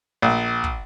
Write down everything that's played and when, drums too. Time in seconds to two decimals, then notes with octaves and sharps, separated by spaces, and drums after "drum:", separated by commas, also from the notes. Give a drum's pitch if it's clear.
0.22 A#1
0.64 drum: kick